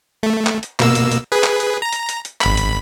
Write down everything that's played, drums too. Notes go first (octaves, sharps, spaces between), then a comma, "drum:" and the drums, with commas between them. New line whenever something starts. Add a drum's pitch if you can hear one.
A3
drum: clap
drum: hi-hat
B2 A#3 E6, drum: clap
drum: hi-hat
drum: hi-hat
G#4 B4
drum: clap
drum: hi-hat
A#5
drum: hi-hat
drum: hi-hat
drum: hi-hat
G#1 B5, drum: clap
drum: hi-hat